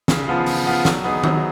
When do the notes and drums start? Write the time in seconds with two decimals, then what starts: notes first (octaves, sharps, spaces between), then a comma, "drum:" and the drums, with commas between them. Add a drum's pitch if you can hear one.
0.08 C#3, drum: snare
0.27 F3 B3 F4
0.46 C#3, drum: open hi-hat
0.66 F3 B3 F4
0.85 F#3, drum: snare
1.04 B3 D#4 G#4
1.24 F#3, drum: tom D#3